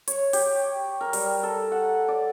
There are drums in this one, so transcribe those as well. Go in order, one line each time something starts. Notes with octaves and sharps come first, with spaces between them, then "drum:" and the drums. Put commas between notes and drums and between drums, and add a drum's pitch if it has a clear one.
C#5, drum: hi-hat
G4, drum: open hi-hat
A#4
G3, drum: open hi-hat
A4
F#5
D5